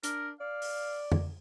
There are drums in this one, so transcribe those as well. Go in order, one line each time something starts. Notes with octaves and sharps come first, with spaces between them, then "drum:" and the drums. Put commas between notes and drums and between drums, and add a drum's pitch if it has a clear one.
D4 A#4, drum: hi-hat
D5 F5
drum: open hi-hat
drum: tom F2